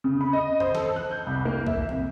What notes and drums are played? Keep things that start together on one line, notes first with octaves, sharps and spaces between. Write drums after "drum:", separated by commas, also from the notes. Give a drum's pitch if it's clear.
C#3
B5
D#5
C5, drum: tom F#2
A4, drum: snare
F#6
G6
C2
A#3
E5, drum: kick B1
C3, drum: tom